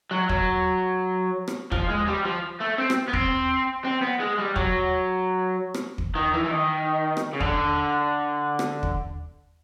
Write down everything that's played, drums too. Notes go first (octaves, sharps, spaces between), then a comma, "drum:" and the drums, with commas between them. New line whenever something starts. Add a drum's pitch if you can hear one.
F#3
F#3, drum: kick
drum: rim click
F3, drum: kick
G#3
G3
F3
A3
C4
drum: rim click
B3
C4, drum: kick
C4
B3
G#3
G3
F#3, drum: kick
drum: rim click
drum: kick
D#3
E3
E3
D#3
drum: rim click
C#3
D3, drum: kick
drum: rim click
drum: kick